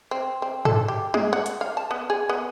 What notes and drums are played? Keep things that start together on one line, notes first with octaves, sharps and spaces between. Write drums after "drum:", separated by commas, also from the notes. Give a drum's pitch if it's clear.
C4
C4
A4, drum: tom
G4
G#3, drum: tom
F#5
drum: hi-hat
F5
A5
B3
G#4
B3